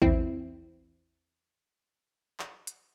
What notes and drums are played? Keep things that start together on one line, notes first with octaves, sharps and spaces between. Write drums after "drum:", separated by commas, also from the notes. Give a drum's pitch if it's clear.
E2 C4 E4, drum: kick
drum: clap
drum: hi-hat